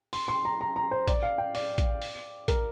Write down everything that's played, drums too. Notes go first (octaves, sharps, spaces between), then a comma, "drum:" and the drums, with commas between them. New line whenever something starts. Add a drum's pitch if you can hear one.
C6, drum: open hi-hat
C6
A#5
A#5
A#5
C5
D5, drum: kick, hi-hat
F5
G5
D5, drum: open hi-hat
drum: kick, hi-hat
drum: open hi-hat
A#4, drum: kick, hi-hat